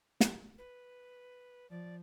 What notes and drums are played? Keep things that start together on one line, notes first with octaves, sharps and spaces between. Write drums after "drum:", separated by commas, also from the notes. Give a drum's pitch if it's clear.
drum: snare
B4
F3 D5